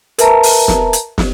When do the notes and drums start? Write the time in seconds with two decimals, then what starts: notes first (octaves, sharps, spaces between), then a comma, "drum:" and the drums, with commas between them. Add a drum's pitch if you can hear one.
0.18 A#4 B4 E5 A5 A#5, drum: hi-hat
0.43 drum: open hi-hat
0.68 drum: snare
0.93 drum: hi-hat
1.18 drum: snare